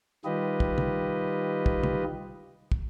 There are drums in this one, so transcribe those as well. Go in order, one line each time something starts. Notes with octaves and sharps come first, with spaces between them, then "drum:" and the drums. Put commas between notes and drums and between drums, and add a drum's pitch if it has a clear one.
D#3 G3 F4 G4 B4 D#5
drum: kick
drum: tom
drum: kick
drum: tom
drum: kick